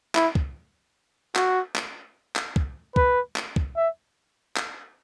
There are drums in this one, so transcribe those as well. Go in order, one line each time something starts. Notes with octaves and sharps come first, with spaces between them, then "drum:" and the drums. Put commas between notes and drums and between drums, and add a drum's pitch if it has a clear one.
E4, drum: clap
drum: kick
F#4, drum: clap
drum: clap
drum: clap
drum: kick
B4, drum: kick
drum: clap
drum: kick
E5
drum: clap